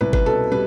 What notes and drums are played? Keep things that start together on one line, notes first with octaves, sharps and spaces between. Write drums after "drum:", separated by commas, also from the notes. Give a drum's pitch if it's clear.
C2 B4
B4, drum: kick G1
B2 A4
G3 B4